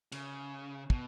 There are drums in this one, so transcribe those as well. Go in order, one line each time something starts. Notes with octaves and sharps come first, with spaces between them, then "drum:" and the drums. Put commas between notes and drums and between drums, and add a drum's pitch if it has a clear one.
C#3, drum: cymbal
B2, drum: kick